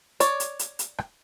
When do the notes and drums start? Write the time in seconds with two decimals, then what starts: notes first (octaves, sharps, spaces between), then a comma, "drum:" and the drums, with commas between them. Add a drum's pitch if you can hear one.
0.20 C#5 D5, drum: hi-hat
0.40 drum: hi-hat
0.59 drum: hi-hat
0.79 drum: hi-hat
0.98 drum: rim click